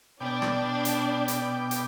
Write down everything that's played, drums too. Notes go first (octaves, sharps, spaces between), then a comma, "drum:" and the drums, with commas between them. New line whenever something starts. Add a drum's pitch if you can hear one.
B2 D4 D5 G5 D6
drum: rim click
drum: hi-hat
drum: hi-hat
drum: hi-hat